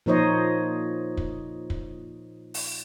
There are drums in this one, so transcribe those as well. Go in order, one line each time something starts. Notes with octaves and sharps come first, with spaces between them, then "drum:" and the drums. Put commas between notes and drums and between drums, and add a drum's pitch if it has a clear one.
A#2 F3 D#4 C5 C#5 D#5
drum: kick
drum: kick
drum: open hi-hat